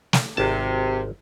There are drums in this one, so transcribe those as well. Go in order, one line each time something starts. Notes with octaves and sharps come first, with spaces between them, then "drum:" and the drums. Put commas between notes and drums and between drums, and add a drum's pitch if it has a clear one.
drum: snare
G#1 C3 A5